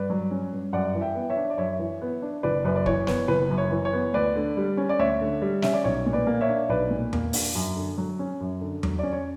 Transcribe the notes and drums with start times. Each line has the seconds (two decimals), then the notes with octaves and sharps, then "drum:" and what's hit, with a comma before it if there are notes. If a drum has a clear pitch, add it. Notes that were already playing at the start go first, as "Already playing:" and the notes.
Already playing: G2 B4 D5
0.10 F#3
0.31 C#4
0.52 G2
0.73 F#2 D5 F#5
0.94 E3
1.01 E5 G5
1.15 B3
1.30 C#5 E5
1.37 D4
1.50 D5
1.58 F#2 C#5 E5
1.79 E3
2.02 B3
2.22 D4
2.43 F#1 B4 D5
2.64 F#2 B4 D5
2.76 D5
2.86 E3 C#5, drum: kick
3.07 B3 C#5, drum: snare
3.28 F#1 B4
3.50 F#2
3.58 C#5
3.71 E3
3.85 C#5
3.93 B3
4.13 D2 B4 D5
4.36 D3
4.57 G3
4.77 C#4
4.89 D5
4.99 D2 C#5 E5
5.21 D3
5.42 G3
5.62 C#4 E5, drum: snare
5.74 D5
5.84 B1 C#5
6.06 A#2
6.13 B4 D5
6.27 A#3
6.41 C#5 E5
6.49 D4
6.69 B1 B4 D5
6.90 A#2
7.13 A#3, drum: tom E2
7.33 D4, drum: open hi-hat
7.55 F#2
7.76 D3
7.98 F#3
8.19 C#4
8.41 F#2
8.61 D3
8.83 F#3, drum: tom E2
8.99 C#4 D5
9.13 C#5